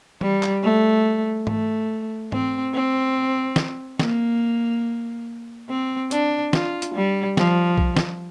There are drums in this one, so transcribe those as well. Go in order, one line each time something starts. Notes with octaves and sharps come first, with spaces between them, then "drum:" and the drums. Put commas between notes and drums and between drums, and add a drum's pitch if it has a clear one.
G3, drum: tom E3
drum: clap
A3
A3, drum: tom G#2
C4, drum: tom G#2
C4
drum: snare
A#3, drum: snare
C4
D4, drum: hi-hat
F4, drum: snare
drum: hi-hat
G3
F3, drum: snare
drum: kick
drum: snare